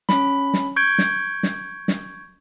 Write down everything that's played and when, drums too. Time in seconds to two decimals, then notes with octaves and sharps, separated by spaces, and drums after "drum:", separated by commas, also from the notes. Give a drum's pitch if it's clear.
0.09 C#4 B5, drum: snare
0.54 drum: snare
0.76 C#6 G6 G#6 D7
0.98 drum: snare
1.43 drum: snare
1.88 drum: snare